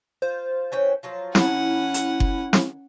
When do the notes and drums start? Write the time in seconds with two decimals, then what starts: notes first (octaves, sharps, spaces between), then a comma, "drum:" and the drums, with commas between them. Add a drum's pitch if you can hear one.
0.22 F4 C5
0.72 E3 C#4 G5
1.03 F3 F#3 F4
1.35 D#3 C#4 E4 F#5 A5, drum: snare
1.94 drum: hi-hat
2.20 drum: kick F#1
2.53 drum: snare